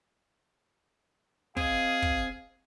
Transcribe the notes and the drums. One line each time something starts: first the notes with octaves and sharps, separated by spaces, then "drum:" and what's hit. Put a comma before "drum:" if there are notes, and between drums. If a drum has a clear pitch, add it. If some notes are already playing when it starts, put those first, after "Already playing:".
C4 G#4 D#5 F5, drum: kick
drum: kick